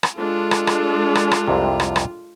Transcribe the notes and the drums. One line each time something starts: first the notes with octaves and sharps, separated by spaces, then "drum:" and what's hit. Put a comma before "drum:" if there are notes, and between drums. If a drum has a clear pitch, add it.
drum: rim click
G#3 D4 F4 A4
drum: rim click
drum: rim click
drum: rim click
drum: rim click
C2 F2 C3
drum: rim click
drum: rim click